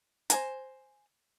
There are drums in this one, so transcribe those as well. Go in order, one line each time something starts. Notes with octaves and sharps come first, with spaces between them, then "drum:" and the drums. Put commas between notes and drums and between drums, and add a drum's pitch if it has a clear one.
C5 G#5 A#5, drum: hi-hat